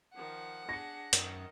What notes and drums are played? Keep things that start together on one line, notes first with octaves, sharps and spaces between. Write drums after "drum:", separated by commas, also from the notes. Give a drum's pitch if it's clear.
D#3 F3 F#5
D4 G#4 A#6 C#7
F#2 D#3 D#5, drum: hi-hat